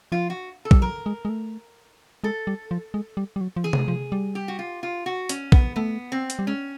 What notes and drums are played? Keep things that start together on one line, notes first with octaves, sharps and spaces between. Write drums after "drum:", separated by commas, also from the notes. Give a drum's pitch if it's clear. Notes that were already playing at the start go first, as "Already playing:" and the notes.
F3 F4
F#4
A4
G3, drum: kick A#1
F#3 A#4
G#3
G#3
A3
G#3 A4
G3
F3
G#3
G3
G3
F#3
F3
E3 G#4
drum: tom C3
F3
G3
G4
F#4
F4
F4
F#4
C#4, drum: hi-hat
B3, drum: kick A#1
A3 B3
C4
drum: hi-hat
G3
G#3 C#4